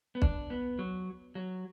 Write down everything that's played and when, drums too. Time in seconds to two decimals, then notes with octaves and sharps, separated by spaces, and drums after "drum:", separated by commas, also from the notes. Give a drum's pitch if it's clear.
0.15 B3
0.22 D4, drum: kick
0.50 B3
0.79 F#3
1.35 F#3